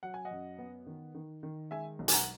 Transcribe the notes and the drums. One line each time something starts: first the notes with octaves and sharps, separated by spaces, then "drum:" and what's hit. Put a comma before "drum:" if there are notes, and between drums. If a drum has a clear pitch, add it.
F#3 F#5
G#5
D#5 F#5
F#2
B3
D#3
D#3
D#3
G#3 E5 G#5
B1
G#5, drum: hi-hat
F#5 A#5